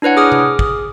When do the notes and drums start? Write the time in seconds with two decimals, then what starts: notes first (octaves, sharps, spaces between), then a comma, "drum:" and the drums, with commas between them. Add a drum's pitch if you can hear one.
0.02 D4 E4 B4 C#5 F#5
0.17 G#4 D6 D#6 F6
0.32 drum: tom C3
0.59 drum: kick